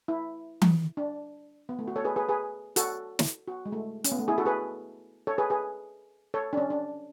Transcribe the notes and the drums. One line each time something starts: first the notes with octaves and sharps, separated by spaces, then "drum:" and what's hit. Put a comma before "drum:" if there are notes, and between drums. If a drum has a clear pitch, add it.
E4
drum: tom E3
D4
B3
A3
F#4
A4 C#5
G#4 B4
G#4 B4
G#4 B4
F#4 A4, drum: hi-hat
drum: snare
F#4
G#3
A3
C#4, drum: hi-hat
B3
A3
E4 G#4
F#4 A4
G#4 B4
A4 C#5
G#4 B4
G#4 B4
A4 C#5
D4
C#4
D4